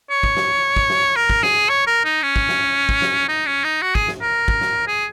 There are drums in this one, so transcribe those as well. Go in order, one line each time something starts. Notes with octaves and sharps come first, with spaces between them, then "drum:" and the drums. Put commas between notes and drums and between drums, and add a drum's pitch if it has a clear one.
C#5
drum: kick
drum: snare
drum: kick
drum: snare
A#4
drum: kick
G#4, drum: snare
C#5
A#4
D#4
C#4
drum: kick
drum: snare
drum: kick
drum: snare
D#4
C#4
D#4
F#4
G#4, drum: kick
drum: snare
A#4
drum: kick
drum: snare
G#4